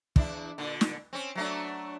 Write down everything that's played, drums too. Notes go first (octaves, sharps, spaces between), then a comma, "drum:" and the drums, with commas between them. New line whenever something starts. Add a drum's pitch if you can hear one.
E2 D4 E4, drum: kick
A#2 D3
drum: snare
C4 C#4
F#3 A3 D4